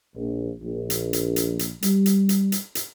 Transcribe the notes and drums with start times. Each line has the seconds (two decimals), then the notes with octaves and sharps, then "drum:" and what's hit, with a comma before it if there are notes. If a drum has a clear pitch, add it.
0.15 A#1
0.61 A#1
0.90 drum: hi-hat
1.13 drum: hi-hat
1.36 drum: hi-hat
1.59 drum: hi-hat
1.82 G3, drum: hi-hat
2.06 drum: hi-hat
2.29 drum: hi-hat
2.52 drum: hi-hat
2.75 drum: hi-hat